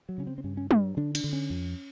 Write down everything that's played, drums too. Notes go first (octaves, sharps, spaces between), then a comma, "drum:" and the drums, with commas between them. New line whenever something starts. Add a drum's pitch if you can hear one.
F#3
C#3 C#4
C4
C4
G2 C#4
C#4
G2, drum: tom
D3 D4
D4, drum: cymbal
D3
C#4
F2